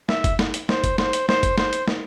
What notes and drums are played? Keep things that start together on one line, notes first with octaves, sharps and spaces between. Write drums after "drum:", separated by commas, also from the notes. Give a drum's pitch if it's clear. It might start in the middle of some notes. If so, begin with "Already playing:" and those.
E5, drum: snare
drum: kick G1, hi-hat
drum: snare
drum: hi-hat
C5, drum: snare
drum: kick G1, hi-hat
C5, drum: snare
drum: hi-hat
C5, drum: snare
drum: kick G1, hi-hat
C5, drum: snare
drum: hi-hat
drum: snare